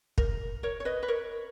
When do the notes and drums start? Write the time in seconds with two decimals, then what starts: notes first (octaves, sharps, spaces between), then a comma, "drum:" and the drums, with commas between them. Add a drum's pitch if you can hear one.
0.18 A#4, drum: kick
0.63 A#4 C#5
0.80 C#5
0.85 B4 D#5
1.03 B4
1.08 A#4 C#5